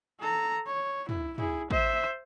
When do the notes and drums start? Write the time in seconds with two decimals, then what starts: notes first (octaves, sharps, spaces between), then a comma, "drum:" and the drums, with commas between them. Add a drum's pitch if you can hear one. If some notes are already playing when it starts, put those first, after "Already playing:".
0.19 A4 A#5
0.66 C#5
1.09 E4, drum: tom
1.38 E4 G#4, drum: tom
1.71 C5 E5, drum: kick